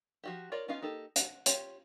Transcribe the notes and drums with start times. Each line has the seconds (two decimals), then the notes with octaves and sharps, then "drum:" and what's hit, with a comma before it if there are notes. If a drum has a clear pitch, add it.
0.24 F3 F#4 G4
0.52 F4 A#4 C#5 D5
0.68 B3 C#4 D#4 F4 F5
0.82 A#3 D#4 G4 A4
1.16 F#5, drum: hi-hat
1.46 F4 G4 C#5, drum: hi-hat